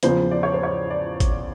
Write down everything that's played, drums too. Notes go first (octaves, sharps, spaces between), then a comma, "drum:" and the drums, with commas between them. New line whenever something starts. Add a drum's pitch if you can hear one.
E2 C#3 F3 C5, drum: hi-hat
D5
C#5
C5
C#5
D5
drum: kick, hi-hat